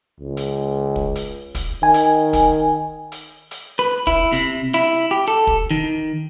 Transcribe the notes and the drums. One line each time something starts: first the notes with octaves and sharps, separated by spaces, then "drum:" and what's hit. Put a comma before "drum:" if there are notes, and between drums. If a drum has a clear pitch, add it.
C#2
drum: hi-hat
drum: kick
drum: hi-hat
drum: kick, hi-hat
D#3 G#5
drum: hi-hat
drum: kick, hi-hat
drum: hi-hat
drum: hi-hat
B4
E4, drum: kick
C3, drum: hi-hat
E4
G4
A4
drum: kick
D#3